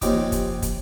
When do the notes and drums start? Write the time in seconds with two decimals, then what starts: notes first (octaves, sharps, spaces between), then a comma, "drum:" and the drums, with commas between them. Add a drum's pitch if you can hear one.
0.02 A#1 D#2 C3 C#4 D#4 D6, drum: kick, hi-hat
0.32 drum: kick, hi-hat
0.62 drum: kick, hi-hat